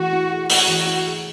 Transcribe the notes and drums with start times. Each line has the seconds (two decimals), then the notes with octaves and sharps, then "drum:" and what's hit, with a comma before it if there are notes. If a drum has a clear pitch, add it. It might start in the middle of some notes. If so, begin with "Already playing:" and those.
Already playing: E3 A3 E4 F#4 G#4
0.13 E4
0.31 G#4
0.50 A3 F#4, drum: open hi-hat
0.68 E3
0.87 E4
1.05 G#4